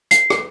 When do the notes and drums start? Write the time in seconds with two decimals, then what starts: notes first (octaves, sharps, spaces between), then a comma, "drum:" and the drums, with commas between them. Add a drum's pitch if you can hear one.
0.11 C7, drum: hi-hat
0.30 drum: rim click